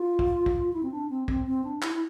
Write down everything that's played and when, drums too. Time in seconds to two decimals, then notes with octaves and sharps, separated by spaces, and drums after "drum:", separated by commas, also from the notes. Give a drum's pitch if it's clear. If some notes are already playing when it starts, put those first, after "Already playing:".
Already playing: F4
0.19 drum: kick A#1
0.46 drum: kick A#1
0.73 E4
0.83 C4
0.91 D4
1.10 C4
1.28 C4, drum: kick A#1
1.46 C4
1.64 D4
1.82 E4, drum: clap
1.93 E4